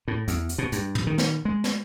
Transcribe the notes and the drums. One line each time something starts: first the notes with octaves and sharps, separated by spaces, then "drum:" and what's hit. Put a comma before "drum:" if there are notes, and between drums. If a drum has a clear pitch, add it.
A2
E2, drum: hi-hat
drum: hi-hat
B2
G2, drum: hi-hat
drum: tom
D#3
drum: snare
G#3
drum: snare